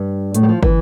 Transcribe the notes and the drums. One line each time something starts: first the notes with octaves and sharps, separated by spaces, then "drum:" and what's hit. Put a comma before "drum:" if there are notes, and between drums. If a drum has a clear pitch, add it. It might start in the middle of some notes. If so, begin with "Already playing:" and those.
Already playing: G2 G3
A2 A3, drum: hi-hat
G3
F3
E3, drum: kick